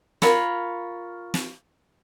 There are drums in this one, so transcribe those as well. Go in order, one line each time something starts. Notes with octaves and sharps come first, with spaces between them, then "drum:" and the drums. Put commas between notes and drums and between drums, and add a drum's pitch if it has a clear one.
F4 A#4 C#5 B5, drum: snare
drum: snare